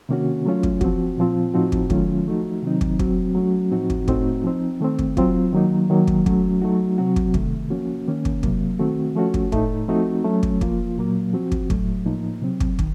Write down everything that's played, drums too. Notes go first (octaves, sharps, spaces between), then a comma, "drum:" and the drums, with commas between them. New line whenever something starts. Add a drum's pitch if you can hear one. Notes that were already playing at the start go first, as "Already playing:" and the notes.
C3 D#3 A#3 C#4 F#4
F#3 A3 C#4 F4
drum: kick
F3 C4 F#4, drum: kick
A#2 F3 C4 F4
A2 F3 C4 D#4 F#4
drum: kick
D#3 F#3 A3 C#4 F4, drum: kick
F3 A3 D#4 F#4
C3 D#3 F#3 C4 D#4
drum: kick
F#3 C4 F#4, drum: kick
F#3 A3 C#4 F#4
A2 F3 C4 D#4 F#4
drum: kick
A2 A3 C4 D#4 F#4, drum: kick
F3 C4 D#4
D#3 A3 C4
drum: kick
F#3 C4 F4, drum: kick
D#3 F#3 A#3 D#4
D#3 F#3 A#3
drum: kick
F#3 A3 C#4 F#4, drum: kick
F#3 A3 D#4 F#4
C3 F#3 C4 F#4
drum: kick
C3 D#3 A3, drum: kick
F3 A#3 C#4 F#4
D#3 A#3 C#4
drum: kick
C3 F#3 A#3, drum: kick
D#3 A3 C4 F#4
F3 A3 C#4 F#4
drum: kick
A2 A3 D#4, drum: kick
F3 A3 C4 D#4 F#4
F#3 A3 C#4
drum: kick
F3 A#3 F4, drum: kick
A#2 F#3 A#3
F3 C4 F#4
drum: kick
A2 F#3 A3, drum: kick
A2 F3 A#3 D#4
C3 F#3 C4
drum: kick
D#3, drum: kick